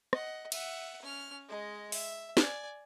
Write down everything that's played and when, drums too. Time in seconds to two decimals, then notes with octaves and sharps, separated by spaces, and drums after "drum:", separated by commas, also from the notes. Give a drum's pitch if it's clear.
0.13 D#5 F#5, drum: rim click
0.52 E5 F#5, drum: cymbal
1.02 C#4 F6
1.49 G#3 D#5
1.92 E5, drum: open hi-hat
2.37 D5 G#5, drum: snare